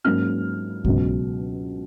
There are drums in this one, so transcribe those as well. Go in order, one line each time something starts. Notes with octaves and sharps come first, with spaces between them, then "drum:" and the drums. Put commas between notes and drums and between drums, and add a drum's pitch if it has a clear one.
G#2 F#3 A#3 C#4 F6
C#2 B2 F#3, drum: kick C2